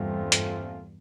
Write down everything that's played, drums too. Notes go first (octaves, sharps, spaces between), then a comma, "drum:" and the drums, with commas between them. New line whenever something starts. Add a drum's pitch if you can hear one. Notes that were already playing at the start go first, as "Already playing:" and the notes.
Already playing: E2 G2 A#2 A3 C4 F4 A4
drum: hi-hat